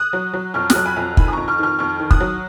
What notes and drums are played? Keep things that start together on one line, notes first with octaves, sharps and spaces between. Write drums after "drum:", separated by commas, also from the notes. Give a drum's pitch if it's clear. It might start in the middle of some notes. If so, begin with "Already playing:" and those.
Already playing: D#6 F#6
F#3
F#3
F2 C#6 F6
D#6 F#6, drum: snare
F#3
G#5 B5
F2
D#3 G#5 B5, drum: kick
D#6
F2 A#5 C#6
C#6 F6
D#3 C#6 F6
F2 C#6 F6
D#3
D#6 F#6, drum: kick
F#3